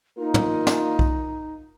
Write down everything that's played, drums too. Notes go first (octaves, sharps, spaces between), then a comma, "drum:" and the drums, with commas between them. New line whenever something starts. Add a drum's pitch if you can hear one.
A#3 D#4 F4 A#4
drum: tom
drum: snare
drum: kick